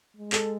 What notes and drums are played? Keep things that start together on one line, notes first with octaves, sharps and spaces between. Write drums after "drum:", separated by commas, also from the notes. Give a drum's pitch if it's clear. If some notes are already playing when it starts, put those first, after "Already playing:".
G#3
A4, drum: clap